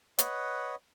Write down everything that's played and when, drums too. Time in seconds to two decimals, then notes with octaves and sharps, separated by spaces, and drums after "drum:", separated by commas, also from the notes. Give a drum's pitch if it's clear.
0.18 B4 C#5 D#5 F#5, drum: hi-hat